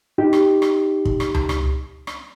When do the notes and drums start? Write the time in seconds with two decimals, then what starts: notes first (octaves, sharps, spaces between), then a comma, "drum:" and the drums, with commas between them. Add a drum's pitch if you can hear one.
0.18 D#4 G4
0.33 drum: rim click
0.62 drum: rim click
1.05 drum: kick
1.20 drum: rim click
1.34 drum: tom C#2
1.49 drum: rim click
2.07 drum: rim click